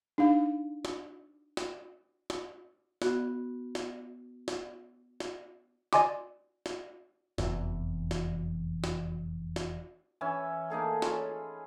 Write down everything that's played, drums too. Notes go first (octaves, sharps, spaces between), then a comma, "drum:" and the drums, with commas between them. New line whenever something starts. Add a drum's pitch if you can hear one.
D4 D#4 F5
drum: snare
drum: snare
drum: snare
B3 F#4, drum: snare
drum: snare
drum: snare
drum: snare
D5 D#5 G#5 C6 D6, drum: snare
drum: snare
F1 E2 G2 E3, drum: snare
drum: snare
drum: snare
drum: snare
E3 C#4 E5 G#5
A#3 D#4 G#4 A4
C#4 F4 B5, drum: snare